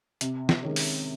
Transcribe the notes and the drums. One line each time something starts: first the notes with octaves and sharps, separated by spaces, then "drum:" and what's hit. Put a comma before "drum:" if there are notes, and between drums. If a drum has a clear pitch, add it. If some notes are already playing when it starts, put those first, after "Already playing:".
C3, drum: hi-hat
drum: snare
D#3 G#3 C#4
drum: open hi-hat